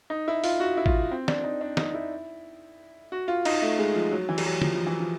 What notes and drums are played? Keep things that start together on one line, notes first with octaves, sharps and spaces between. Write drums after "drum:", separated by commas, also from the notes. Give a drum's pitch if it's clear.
D#4
E4
F4, drum: open hi-hat
F#4
E4
F4, drum: kick G#1
C4
D4, drum: snare
D#4
D4
D#4, drum: snare
E4
F#4
F4
D#4, drum: cymbal
A3
G#3
F3
F#3
E3
G3, drum: cymbal
F#3
F3, drum: tom
F3
E3
F3